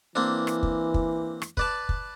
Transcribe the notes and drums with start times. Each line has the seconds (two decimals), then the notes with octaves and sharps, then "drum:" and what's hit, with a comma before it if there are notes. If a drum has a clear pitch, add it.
0.15 E3 A#3 C4 D4
0.47 drum: rim click
0.63 drum: kick
0.94 drum: kick
1.42 drum: rim click
1.57 B4 D5 A5, drum: kick
1.89 drum: kick